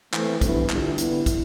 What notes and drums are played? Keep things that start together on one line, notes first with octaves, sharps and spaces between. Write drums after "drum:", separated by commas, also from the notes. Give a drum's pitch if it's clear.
E3 A3 C4, drum: clap
G2 E3 B3 E4, drum: kick, hi-hat
E2 D3 G3 D4 F4, drum: clap
D3 G3 B3 E4, drum: hi-hat
drum: kick, hi-hat